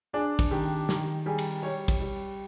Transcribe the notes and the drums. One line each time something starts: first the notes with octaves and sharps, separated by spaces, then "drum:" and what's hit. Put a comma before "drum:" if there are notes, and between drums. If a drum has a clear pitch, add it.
D4 G#4
drum: kick, cymbal
D#3 G4
D#3, drum: snare
G3 G#4
drum: cymbal
G3 C#5
drum: kick, cymbal
G3